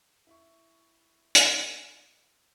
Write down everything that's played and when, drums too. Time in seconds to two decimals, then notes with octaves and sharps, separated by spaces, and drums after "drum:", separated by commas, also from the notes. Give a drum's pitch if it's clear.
0.27 E4 C#6
1.35 drum: hi-hat